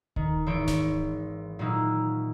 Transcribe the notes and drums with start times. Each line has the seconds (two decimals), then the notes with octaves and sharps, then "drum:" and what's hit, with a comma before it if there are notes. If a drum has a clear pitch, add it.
0.16 D#3, drum: kick D#1
0.46 G#1 E3 C5 C#5 D7
0.68 drum: snare D1
1.59 A#2 F#3 A#3 D#4 E4